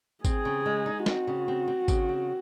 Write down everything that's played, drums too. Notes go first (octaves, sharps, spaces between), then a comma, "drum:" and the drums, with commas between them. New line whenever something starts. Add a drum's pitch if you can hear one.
C4 G#4, drum: kick, tambourine
C#3
G#3
D#4
C4 F#4, drum: snare
C#3
C4
C4
C#3, drum: kick, tambourine
C4